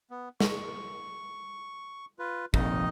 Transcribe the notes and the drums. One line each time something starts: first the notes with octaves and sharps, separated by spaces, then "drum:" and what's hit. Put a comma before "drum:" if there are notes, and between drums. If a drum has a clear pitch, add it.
B3
C#6, drum: snare
F4 B4
F1 A#1 F2 D#3 D#4 D#5, drum: kick